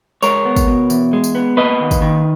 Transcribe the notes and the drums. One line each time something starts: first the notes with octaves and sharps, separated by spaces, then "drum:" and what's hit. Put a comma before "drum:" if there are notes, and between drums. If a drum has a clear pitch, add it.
G#3 A#4 C#5, drum: tambourine
B3
drum: kick, tambourine
B2
E2, drum: tambourine
G#3
drum: tambourine
B3
A#3 B4 D#5
D#2
drum: kick, tambourine
D#3